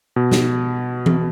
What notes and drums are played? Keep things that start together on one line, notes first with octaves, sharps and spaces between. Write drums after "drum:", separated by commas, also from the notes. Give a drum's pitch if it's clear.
B2
drum: snare
drum: tom E3